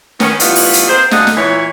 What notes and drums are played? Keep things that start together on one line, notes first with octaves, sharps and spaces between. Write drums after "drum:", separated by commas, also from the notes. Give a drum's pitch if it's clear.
D#3 B3 C#4, drum: snare
E3 G3 A3 B3 D#4 F4, drum: hi-hat
drum: open hi-hat
drum: hi-hat
A#3 C4 G#4 C5
F#2 D3 G#3 D#5 F5 F#5, drum: snare
drum: snare
A#2 E3 E4 C#5